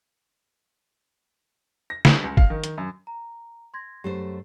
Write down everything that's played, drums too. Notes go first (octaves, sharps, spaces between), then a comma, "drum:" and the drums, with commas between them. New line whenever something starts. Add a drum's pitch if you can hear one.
A#6
G3, drum: snare
C#2
F5, drum: kick G1
D#3
D#3, drum: hi-hat
F#2
A#5
C6 G#6 A#6
F#2 A3 G4 C5